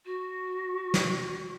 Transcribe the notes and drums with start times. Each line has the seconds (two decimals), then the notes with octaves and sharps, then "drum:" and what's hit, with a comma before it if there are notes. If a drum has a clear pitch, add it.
0.05 F#4
0.94 drum: snare